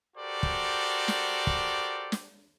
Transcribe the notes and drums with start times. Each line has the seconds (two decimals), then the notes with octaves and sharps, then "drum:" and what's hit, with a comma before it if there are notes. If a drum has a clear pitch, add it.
0.17 F#4 G4 A4 A#4 C5 D5
0.43 drum: kick
1.08 drum: snare
1.47 drum: kick
2.12 drum: snare